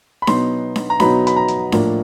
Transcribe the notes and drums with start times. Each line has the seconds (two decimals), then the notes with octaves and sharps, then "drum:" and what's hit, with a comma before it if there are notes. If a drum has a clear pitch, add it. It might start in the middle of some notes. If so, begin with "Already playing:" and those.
0.22 B5
0.27 B2 F#3 B3 D#4 C6, drum: snare D4
0.76 drum: snare D4
0.90 A#5
1.00 B2 F#3 B3 D#4 B5, drum: snare D4
1.27 B5, drum: hi-hat
1.36 A#5
1.48 drum: hi-hat
1.72 A2 F3 A#3 D4, drum: snare D4